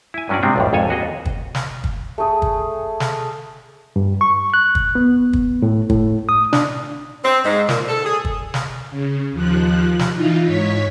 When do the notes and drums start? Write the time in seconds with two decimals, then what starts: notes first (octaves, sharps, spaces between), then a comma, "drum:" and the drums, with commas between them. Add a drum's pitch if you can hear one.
0.14 E4 G#5
0.29 G2 F#3 C#4 D4 F#4 D5
0.43 G#2 C3 G3 G#3 C4 D4
0.56 B1 F2 A2
0.73 G#1 F2 G#2 A4 C#5 G#5
0.89 D#2 F#4 G#4 D#5
1.25 drum: kick
1.55 drum: snare
1.84 drum: kick
2.18 A3 G#4 A4
2.42 drum: kick
3.00 drum: snare
3.96 G2
4.21 C#6
4.54 F#6
4.75 drum: kick
4.95 B3
5.33 drum: kick
5.62 A2
5.90 A2, drum: kick
6.29 D#6
6.53 D4, drum: snare
7.24 C4
7.45 G#2
7.69 A#2, drum: snare
7.88 A4
8.05 G#4
8.25 drum: kick
8.54 drum: snare
8.90 C#3
9.32 D#2 F3 F#6
9.99 drum: snare
10.13 E3 D#4 F4
10.44 G#2 C#5 B6